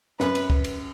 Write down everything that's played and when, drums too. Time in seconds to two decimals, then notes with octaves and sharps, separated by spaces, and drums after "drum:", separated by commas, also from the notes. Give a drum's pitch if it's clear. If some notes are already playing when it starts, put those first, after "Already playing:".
0.20 F#2 B4, drum: snare
0.35 drum: cymbal
0.50 drum: kick C#2
0.64 drum: cymbal